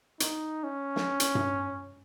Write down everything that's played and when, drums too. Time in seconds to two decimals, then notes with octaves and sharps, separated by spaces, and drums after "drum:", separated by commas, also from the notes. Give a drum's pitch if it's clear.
0.20 D#4, drum: hi-hat
0.64 C#4
0.96 drum: snare
1.20 drum: hi-hat
1.35 drum: tom G2